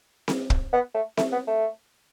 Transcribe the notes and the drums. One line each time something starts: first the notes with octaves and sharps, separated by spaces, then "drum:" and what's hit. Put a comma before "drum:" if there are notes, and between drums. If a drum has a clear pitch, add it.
drum: snare C4
drum: kick
B3
A3
A3, drum: snare C4
B3
A3